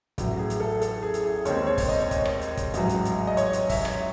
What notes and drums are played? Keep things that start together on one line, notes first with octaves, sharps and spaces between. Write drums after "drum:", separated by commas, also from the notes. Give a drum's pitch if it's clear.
A1 A2 F#3, drum: kick, hi-hat
G#4
drum: hi-hat
A4
A4, drum: hi-hat
G#4
drum: hi-hat
G#4
D#2 D#3 G#3 C4 C#5, drum: hi-hat
C#5
drum: kick, open hi-hat
D#5
C#5
D#5, drum: kick, hi-hat
drum: rim click
drum: hi-hat
drum: kick, hi-hat
A1 G#2 F#3, drum: hi-hat
drum: hi-hat
drum: hi-hat
D#5
C#5, drum: hi-hat
drum: hi-hat
E5, drum: kick, open hi-hat
drum: rim click